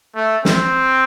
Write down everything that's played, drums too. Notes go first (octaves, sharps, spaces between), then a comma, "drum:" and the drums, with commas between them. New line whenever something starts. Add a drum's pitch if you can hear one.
A3
C4, drum: snare